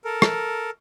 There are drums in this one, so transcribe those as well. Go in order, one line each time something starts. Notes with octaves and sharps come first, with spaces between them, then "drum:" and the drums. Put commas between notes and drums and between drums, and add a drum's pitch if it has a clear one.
A4 A#4
drum: rim click